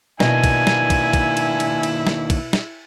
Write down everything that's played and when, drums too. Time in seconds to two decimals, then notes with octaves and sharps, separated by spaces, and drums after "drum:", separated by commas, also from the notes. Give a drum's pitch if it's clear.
0.20 B2 D#3 A#3 D4 E4 D#5 G#5, drum: snare
0.44 drum: kick, cymbal
0.67 drum: snare
0.90 drum: kick, cymbal
1.13 drum: kick, cymbal
1.37 drum: cymbal
1.60 drum: cymbal
1.83 drum: cymbal
2.07 drum: snare
2.30 drum: kick, cymbal
2.53 drum: snare